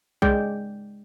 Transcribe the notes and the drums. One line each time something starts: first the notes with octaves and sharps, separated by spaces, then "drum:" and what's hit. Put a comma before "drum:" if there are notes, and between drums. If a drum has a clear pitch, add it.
G#3 D5 G5, drum: kick B1